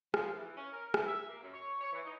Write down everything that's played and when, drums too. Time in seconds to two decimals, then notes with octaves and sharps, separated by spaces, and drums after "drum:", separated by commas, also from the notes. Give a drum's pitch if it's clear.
0.14 F3, drum: rim click
0.35 E3
0.56 C#4
0.72 A#4
0.94 E3, drum: rim click
1.06 E5
1.28 A#3
1.41 F#2
1.53 C#5
1.81 C#5
1.93 E3
2.05 D#4